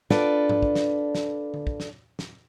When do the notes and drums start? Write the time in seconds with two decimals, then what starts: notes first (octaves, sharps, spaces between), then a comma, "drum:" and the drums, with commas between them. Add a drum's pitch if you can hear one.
0.10 D4 F4 A4 B4 D5, drum: snare
0.49 drum: tom G#2
0.63 drum: kick
0.76 drum: snare
1.15 drum: snare
1.54 drum: tom D3
1.67 drum: kick
1.80 drum: snare
2.19 drum: snare